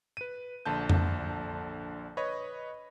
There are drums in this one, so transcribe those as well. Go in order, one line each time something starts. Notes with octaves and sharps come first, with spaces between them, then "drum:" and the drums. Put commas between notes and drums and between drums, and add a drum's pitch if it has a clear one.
B4 D#7
A#1 D3 A5 G6
drum: tom F2
B4 C#5 D#5 B5